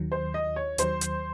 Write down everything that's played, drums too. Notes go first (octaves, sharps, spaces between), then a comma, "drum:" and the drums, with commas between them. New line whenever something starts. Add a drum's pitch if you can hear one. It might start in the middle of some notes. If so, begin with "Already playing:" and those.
Already playing: D#2 D#3 F#3
C5
D#5
C#5
D#2 D#3 F#3 C5, drum: hi-hat
drum: hi-hat